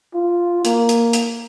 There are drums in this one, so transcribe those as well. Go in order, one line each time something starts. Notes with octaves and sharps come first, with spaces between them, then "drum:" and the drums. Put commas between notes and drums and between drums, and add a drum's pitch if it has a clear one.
F4
A#3, drum: hi-hat
drum: hi-hat
drum: hi-hat